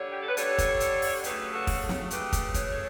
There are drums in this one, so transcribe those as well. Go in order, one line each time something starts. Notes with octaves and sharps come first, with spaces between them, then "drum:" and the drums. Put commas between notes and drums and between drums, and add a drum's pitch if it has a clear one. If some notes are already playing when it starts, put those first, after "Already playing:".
Already playing: D3 G3 C#5
G4
A4
B4
D3 G3 A4 C#5, drum: hi-hat
drum: kick, hi-hat
drum: hi-hat
drum: open hi-hat
C#3 F#3 A3 G4 B4, drum: hi-hat
F#4 A4
drum: kick, open hi-hat
drum: snare
C#3 F#3 A3 G4 B4, drum: hi-hat
drum: kick, hi-hat
C#5, drum: kick, hi-hat
A4 C#5